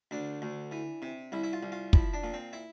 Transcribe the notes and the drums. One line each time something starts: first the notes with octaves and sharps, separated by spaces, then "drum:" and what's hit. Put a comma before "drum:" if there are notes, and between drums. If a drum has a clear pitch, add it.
D2 D4
D2
E3
C3
C2 E4
E4
F4
C2
F4
F3 E4, drum: kick
D4
A#2
C4
E4